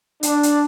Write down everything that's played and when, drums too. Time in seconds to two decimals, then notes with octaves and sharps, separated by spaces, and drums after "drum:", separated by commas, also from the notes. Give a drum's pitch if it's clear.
0.23 D4, drum: hi-hat
0.43 drum: hi-hat